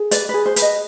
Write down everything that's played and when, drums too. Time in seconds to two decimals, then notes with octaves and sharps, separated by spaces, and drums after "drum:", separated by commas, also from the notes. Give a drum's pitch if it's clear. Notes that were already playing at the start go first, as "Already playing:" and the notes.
Already playing: G#4
0.11 B4 D5, drum: hi-hat
0.29 G#4 B4
0.46 C5
0.56 B4, drum: hi-hat
0.62 D#5